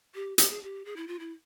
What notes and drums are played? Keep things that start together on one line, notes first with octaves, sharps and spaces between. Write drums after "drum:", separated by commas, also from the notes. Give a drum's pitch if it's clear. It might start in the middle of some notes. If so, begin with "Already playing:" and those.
G4
G4, drum: hi-hat
G#4
G4
G#4
E4
F4
E4